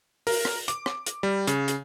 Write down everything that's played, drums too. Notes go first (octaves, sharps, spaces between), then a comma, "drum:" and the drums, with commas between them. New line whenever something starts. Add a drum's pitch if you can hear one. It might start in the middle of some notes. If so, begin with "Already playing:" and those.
A#4, drum: open hi-hat
drum: rim click
D6, drum: hi-hat
drum: rim click
drum: hi-hat
G3
C#3, drum: hi-hat
drum: hi-hat